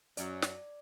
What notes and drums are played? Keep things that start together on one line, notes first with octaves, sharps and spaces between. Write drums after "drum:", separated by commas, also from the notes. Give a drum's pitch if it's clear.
F#2 F#3 D5, drum: hi-hat
D5, drum: snare